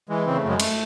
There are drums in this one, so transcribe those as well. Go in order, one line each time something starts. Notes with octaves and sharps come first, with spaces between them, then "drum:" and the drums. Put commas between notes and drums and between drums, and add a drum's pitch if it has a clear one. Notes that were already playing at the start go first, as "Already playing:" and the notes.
E3 G#3
C#3 C4
A3
F#2
G#3
A3, drum: cymbal